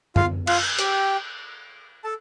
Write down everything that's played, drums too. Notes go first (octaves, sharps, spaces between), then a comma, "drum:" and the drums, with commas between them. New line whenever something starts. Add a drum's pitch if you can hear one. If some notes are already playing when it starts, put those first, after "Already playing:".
F4 F5, drum: tom F#2
F4 F5, drum: cymbal
G4 G5, drum: hi-hat
A4 A5